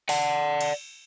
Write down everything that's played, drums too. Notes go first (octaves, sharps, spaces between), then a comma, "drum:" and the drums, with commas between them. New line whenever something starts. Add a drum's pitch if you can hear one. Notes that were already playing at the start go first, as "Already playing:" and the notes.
D5 F#5, drum: open hi-hat
drum: cymbal